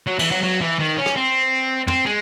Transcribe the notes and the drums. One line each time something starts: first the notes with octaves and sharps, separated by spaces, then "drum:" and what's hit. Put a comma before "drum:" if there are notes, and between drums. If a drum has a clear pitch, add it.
F#3
E3, drum: cymbal
F#3
F#3
E3
D#3
C#4
drum: rim click
C4
C4, drum: tom
G#3